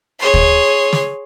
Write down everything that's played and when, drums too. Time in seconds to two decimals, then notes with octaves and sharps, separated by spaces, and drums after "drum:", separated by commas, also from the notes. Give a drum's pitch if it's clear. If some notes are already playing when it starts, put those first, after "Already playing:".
0.19 G#4 C#5 C6
0.34 drum: kick
0.93 drum: snare